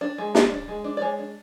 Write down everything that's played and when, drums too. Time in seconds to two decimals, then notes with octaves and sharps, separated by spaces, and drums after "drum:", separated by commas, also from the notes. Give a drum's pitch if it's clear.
0.01 D4
0.18 G#3
0.35 D4, drum: snare
0.52 D4
0.68 G#3
0.84 D4
0.97 D5
1.02 G#3 C#5
1.19 D4